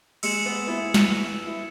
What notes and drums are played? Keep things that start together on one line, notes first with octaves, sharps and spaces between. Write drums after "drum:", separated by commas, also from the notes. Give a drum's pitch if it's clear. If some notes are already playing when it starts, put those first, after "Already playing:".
G#3 E6 C#7 E7, drum: cymbal
B3
B3 E4
drum: snare
E4